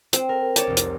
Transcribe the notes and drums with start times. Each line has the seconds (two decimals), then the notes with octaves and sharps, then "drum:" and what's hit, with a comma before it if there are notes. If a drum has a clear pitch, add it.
0.13 C4, drum: hi-hat
0.29 A#4
0.56 C#5 D5 A5, drum: hi-hat
0.67 F1 C2
0.77 drum: hi-hat